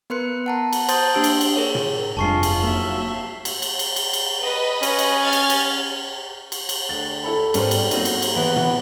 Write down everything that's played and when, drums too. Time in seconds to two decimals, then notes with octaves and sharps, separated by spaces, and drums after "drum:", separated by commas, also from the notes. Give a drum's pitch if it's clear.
0.10 B3 A#4 B4 C6 F#6 C#7
0.46 F#5 A5 A#5
0.73 drum: cymbal
0.89 C5 A5 C6 D#6 G6 A6, drum: cymbal
1.15 A#3 D4 G4 E6 D7
1.24 drum: cymbal
1.41 drum: cymbal
1.56 G#4 A#4 C#5
1.75 drum: tom
2.17 F1 G2 G#3 F4 G#5 A5 C#6 C7
2.43 drum: cymbal
2.63 F#3 A#3 D#4 E5
3.45 drum: cymbal
3.62 drum: cymbal
3.79 drum: cymbal
3.96 drum: cymbal
4.13 drum: cymbal
4.42 B4 D#5
4.83 C#4, drum: cymbal
4.99 drum: cymbal
5.22 F6 G#6 A6
5.33 drum: cymbal
5.50 drum: cymbal
6.52 drum: cymbal
6.69 drum: cymbal
6.89 D2 A6
7.23 E4 A4 B5
7.54 G#2 G3 B3 C#4 A4 A#4 C5, drum: cymbal
7.71 drum: cymbal
7.91 F#3 A#3 C4 D#4, drum: cymbal
8.05 drum: cymbal
8.22 drum: cymbal
8.36 E3 B3
8.56 drum: tom